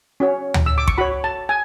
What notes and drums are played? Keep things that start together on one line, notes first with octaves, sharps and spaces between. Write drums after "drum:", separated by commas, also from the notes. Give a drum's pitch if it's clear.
C#4 F#4 C#5
drum: tom D2
E6
D6
C#6, drum: kick
F#4 C#5 B5
A5
G#5